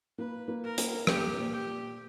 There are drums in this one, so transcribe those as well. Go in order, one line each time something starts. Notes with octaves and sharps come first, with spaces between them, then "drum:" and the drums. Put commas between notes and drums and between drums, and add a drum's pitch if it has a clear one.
A#3 B4
A#3
A#4
A#3, drum: hi-hat
A#2 G4, drum: rim click
A#2
G4
A#2